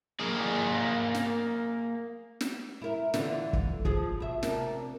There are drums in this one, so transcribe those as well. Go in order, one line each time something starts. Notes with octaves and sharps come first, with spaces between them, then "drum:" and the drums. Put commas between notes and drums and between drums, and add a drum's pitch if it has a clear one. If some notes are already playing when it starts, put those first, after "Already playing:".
A#3 G#4
drum: snare
drum: snare
E4 A#4
D3 E3 F4, drum: snare
drum: kick
F3 G#4, drum: kick
B2 E5
C3 D4 A#4, drum: snare